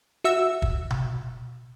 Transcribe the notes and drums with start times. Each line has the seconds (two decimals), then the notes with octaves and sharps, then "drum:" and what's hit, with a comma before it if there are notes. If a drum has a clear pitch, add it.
0.24 F#4 E5 E6
0.62 drum: kick
0.90 drum: tom B2